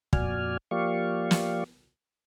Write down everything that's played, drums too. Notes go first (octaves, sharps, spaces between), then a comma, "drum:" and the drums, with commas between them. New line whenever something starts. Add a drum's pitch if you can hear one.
F2 A#2 F#4 D5 G#5 F6, drum: kick
F3 A#3 G4 D5 F5 C#6
drum: snare